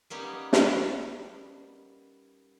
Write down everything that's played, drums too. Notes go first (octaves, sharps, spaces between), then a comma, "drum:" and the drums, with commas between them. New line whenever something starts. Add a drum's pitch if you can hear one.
G3 A#3 B3 C#4 D#4 G4
drum: snare